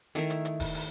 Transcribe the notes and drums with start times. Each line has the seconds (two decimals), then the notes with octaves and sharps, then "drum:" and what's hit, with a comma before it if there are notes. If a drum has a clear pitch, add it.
0.15 D#3 A3 E4 A#4, drum: hi-hat
0.30 drum: hi-hat
0.45 drum: hi-hat
0.60 drum: kick E1, open hi-hat
0.75 drum: open hi-hat